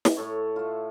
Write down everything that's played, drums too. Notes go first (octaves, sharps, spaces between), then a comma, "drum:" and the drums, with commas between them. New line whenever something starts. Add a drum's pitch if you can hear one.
drum: snare
A2 A4 C#5
A3 F4